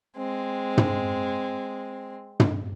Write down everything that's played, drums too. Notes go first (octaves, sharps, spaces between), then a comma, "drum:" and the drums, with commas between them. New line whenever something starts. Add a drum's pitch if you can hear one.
G#3 C4
drum: tom
drum: tom